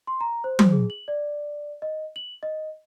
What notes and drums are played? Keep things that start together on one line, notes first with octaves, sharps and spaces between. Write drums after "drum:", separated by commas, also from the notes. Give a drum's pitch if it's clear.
C6
A#5
C5
drum: tom F#3
G#4
F#7
D5
D#5
F#7
D#5